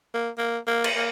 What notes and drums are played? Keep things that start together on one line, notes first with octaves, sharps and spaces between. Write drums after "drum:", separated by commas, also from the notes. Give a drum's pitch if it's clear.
A#3
A#3
A#3
drum: cymbal
A#3